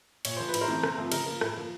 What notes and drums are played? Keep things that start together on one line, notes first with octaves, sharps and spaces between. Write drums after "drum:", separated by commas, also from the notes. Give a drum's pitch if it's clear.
A#2 C#5, drum: cymbal
F3 A#3 C5
B4
A2, drum: cymbal
A#4 C5
E3 A3 C4
C3, drum: rim click
F3 A3 C4
C#3 A#4, drum: cymbal
F3 A#3
A2, drum: rim click
F3 A#3